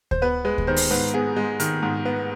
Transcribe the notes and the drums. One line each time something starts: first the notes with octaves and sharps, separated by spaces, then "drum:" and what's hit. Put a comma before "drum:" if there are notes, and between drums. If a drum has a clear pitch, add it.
C5, drum: kick D2
B3 B4
G#3 B4
drum: kick D2
D#3 C5
drum: open hi-hat
G#2 B4
B3 G#4
G#3
D#3, drum: hi-hat
G#2
B3